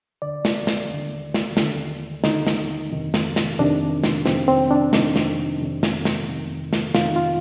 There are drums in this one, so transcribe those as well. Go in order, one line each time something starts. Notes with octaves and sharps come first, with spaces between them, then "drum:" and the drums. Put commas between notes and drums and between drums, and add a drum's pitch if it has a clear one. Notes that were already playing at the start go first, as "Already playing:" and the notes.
D#2 D3 D5
drum: snare
drum: snare
D#2 D3
drum: snare
D#2 D3, drum: snare
D#2 D3 D#4, drum: snare
drum: snare
F2 C3 D#3
drum: snare
drum: snare
F2 C3 D#3 D4
drum: snare
F2 C3 D#3 C4, drum: snare
C4
D4
F2 C3 D#3 D#4, drum: snare
drum: snare
F2 C3 D#3
drum: snare
drum: snare
F2 C3 D#3
drum: snare
F2 C3 D#3 F4, drum: snare
D#4
F4